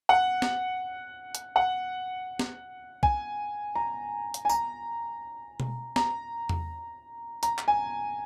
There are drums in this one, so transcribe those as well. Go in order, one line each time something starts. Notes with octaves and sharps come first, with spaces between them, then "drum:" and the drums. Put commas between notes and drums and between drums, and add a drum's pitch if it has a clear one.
F#5
drum: snare
drum: hi-hat
F#5
drum: snare
G#5, drum: kick
A#5
drum: hi-hat
G#5
A#5, drum: tambourine
drum: tom B2
A#5, drum: snare
drum: tom E2
A#5, drum: hi-hat
drum: clap
G#5